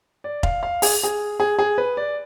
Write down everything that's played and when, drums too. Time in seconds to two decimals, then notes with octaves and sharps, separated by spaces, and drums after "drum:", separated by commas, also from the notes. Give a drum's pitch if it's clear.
0.24 D5
0.43 F5, drum: kick
0.63 F5
0.82 G#4, drum: open hi-hat
1.03 G#4
1.40 G#4
1.59 G#4
1.78 B4
1.97 D5